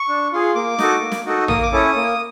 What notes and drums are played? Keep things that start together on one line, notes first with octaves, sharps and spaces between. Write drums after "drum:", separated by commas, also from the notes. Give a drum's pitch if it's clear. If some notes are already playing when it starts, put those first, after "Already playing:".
Already playing: C#6
D4
F4 G#4
A#3 D6
D#4 F#4 A4, drum: snare
A#3
drum: snare
D#4 F#4 A4
A#3 D#6, drum: tom
D6
C#4 E4 A4 D#6
A#3